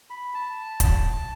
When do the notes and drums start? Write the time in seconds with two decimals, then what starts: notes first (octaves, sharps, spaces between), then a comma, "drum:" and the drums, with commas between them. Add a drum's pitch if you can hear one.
0.10 B5
0.34 A5
0.80 drum: kick, hi-hat